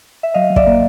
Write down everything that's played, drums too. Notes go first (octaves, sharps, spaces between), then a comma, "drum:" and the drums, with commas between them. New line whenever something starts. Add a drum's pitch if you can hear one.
E5
F#3 D#5 F5
F#3
D5 E5, drum: kick
A#3